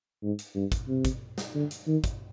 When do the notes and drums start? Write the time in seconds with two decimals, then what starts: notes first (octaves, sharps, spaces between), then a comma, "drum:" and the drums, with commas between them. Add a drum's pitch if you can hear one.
0.23 G#2
0.39 drum: hi-hat
0.55 G2
0.72 drum: kick, hi-hat
0.88 C3
1.05 drum: kick, hi-hat
1.38 drum: snare
1.55 D3
1.71 drum: hi-hat
1.87 D#3
2.04 drum: kick, hi-hat